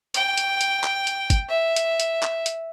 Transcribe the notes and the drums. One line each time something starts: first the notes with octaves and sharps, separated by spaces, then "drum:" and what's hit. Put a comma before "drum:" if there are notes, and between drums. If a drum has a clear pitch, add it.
G5, drum: hi-hat
drum: hi-hat
drum: hi-hat
drum: clap
drum: hi-hat
drum: kick, hi-hat
E5
drum: hi-hat
drum: hi-hat
drum: clap
drum: hi-hat